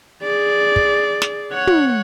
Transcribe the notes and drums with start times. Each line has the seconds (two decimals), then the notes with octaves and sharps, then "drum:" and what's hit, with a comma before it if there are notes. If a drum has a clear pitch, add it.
0.23 G#4 D5
0.76 drum: kick
1.22 drum: snare
1.52 C#5 F#5
1.67 drum: tom